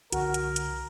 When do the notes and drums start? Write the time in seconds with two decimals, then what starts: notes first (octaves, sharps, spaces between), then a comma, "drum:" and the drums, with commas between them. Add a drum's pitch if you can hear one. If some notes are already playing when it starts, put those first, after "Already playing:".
0.12 C2 D3 F3 F#4 A#4, drum: hi-hat
0.34 drum: hi-hat
0.56 drum: hi-hat